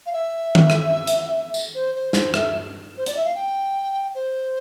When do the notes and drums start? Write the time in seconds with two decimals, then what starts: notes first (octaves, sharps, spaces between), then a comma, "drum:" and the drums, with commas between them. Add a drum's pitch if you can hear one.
0.06 F5
0.13 E5
0.55 drum: tom D#3
0.70 drum: rim click
1.07 drum: hi-hat
1.54 drum: tambourine
1.74 C5
1.94 C5
2.13 C5, drum: snare
2.34 E5, drum: rim click
2.97 C5
3.06 D5, drum: hi-hat
3.16 E5
3.24 F5
3.34 G5
4.14 C5